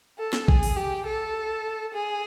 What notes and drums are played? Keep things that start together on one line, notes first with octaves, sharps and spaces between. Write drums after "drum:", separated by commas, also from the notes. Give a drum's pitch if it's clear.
A4
drum: snare
G#4, drum: kick A#1
drum: open hi-hat
G4
A4
G#4